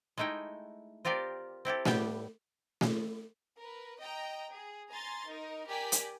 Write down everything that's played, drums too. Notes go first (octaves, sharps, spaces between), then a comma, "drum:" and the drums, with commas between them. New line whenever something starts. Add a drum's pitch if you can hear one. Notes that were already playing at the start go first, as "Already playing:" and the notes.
G#3 A3 D#4 E4 G5
C4 F4 G4 A#4 D5
C4 E4 G4 A4
A2 G3 B3 G4 G5, drum: snare A3
drum: snare A3
A#4 B4
D#5 G5 A#5
G#4
G#5 A#5 C6 A6
D#4 A#4
G4 A#4 D5 G5 G#5 B6
drum: hi-hat